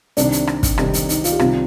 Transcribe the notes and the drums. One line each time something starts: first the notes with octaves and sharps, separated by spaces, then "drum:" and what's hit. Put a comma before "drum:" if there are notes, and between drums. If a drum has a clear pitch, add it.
C2 C3 D#3 D4, drum: hi-hat
drum: hi-hat
drum: rim click
drum: kick, hi-hat
C2 C3 D#3 D#4, drum: rim click
drum: hi-hat
D#4, drum: hi-hat
F4, drum: hi-hat
G4
C2 C3 D#3 F4, drum: rim click